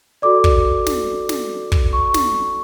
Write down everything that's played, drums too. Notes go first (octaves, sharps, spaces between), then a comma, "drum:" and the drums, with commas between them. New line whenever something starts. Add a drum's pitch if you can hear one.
F#4 A4 D5 D6
drum: kick
drum: snare
drum: snare
drum: kick
C#6
drum: snare